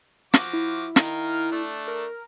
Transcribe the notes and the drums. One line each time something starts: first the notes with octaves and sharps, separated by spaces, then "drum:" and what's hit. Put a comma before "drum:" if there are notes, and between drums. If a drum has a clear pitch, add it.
F3 F#4 D6, drum: snare
E4
D#3 A#4 F5, drum: snare
A3 D4
A#4